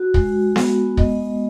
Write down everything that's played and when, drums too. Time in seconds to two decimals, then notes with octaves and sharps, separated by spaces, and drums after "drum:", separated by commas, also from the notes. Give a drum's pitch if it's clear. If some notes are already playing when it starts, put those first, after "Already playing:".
Already playing: F#4
0.14 G#3, drum: kick
0.56 B3, drum: snare B3
0.97 D#5, drum: kick